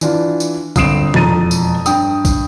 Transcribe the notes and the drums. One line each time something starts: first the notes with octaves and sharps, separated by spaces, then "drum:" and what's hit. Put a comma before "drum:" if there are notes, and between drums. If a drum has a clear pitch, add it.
E3 D4 F4, drum: tambourine
drum: tambourine
G1 C4 D#6 C7 D7 E7, drum: kick, tambourine
E1 F2 A#5 A6 D#7, drum: tom B2
drum: tambourine
G2 G5 D#6, drum: tambourine
drum: kick, tambourine